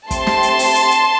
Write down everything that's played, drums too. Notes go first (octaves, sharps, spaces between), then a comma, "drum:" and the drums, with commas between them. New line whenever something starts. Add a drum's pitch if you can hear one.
A3 C4 G4 A5 C6, drum: kick, hi-hat
drum: snare
drum: hi-hat
drum: open hi-hat
drum: hi-hat
drum: hi-hat